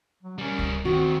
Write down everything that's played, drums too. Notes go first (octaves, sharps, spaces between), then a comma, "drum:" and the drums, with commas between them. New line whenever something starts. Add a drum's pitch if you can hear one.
F#3
G3 C#4 A#4
drum: kick C#2
E2 D#3 C4 F#4